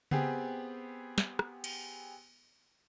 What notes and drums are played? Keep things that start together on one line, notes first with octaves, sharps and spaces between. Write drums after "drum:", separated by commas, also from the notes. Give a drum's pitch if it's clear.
B3 C4 G4 G#4, drum: tom C#3
drum: snare
drum: rim click
drum: cymbal